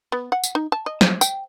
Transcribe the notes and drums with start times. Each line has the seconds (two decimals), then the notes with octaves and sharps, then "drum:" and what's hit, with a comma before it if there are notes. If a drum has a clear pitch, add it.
0.12 B3
0.32 F#5
0.44 drum: tambourine
0.55 D#4
0.72 A5
0.86 D#5
1.01 C5, drum: snare
1.21 G5, drum: tambourine